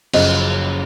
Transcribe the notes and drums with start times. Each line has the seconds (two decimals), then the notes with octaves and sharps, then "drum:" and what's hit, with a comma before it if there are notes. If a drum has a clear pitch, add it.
0.13 F#1 F#2 C#3 F3 D#5, drum: cymbal